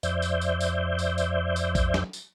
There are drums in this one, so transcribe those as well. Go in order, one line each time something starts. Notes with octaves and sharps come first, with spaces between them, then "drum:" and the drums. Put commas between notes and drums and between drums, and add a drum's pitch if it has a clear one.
F2 C5 D5 E5 G6, drum: tambourine
drum: tambourine
drum: tambourine
drum: tambourine
drum: tambourine
drum: tambourine
drum: tambourine
drum: kick A#1, tambourine
drum: snare
drum: tambourine